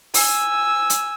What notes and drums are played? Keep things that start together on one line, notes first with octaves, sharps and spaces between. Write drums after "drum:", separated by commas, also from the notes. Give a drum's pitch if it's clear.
G#5 E6, drum: open hi-hat
drum: hi-hat